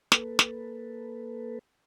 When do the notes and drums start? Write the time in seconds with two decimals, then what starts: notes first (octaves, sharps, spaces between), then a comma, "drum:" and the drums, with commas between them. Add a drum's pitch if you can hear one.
0.12 A#3 A4 B4, drum: snare
0.39 drum: snare